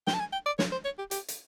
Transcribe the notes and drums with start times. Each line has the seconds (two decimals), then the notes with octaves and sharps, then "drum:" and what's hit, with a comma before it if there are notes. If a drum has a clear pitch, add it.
0.07 G5, drum: snare
0.14 A5
0.20 G#5
0.33 G5
0.46 D5
0.59 C#5, drum: snare
0.72 C5
0.85 C#5
0.98 G4
1.11 G4, drum: hi-hat
1.28 drum: hi-hat